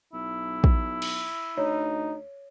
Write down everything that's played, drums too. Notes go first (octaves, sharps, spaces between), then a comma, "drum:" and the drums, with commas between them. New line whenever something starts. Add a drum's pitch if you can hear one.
B1 E4
drum: kick
drum: cymbal
D2 D#4 C#5